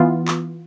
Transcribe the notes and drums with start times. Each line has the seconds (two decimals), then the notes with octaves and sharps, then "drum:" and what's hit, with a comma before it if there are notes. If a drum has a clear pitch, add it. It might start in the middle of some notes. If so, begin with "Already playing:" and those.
Already playing: E3 B3 F4
0.28 drum: clap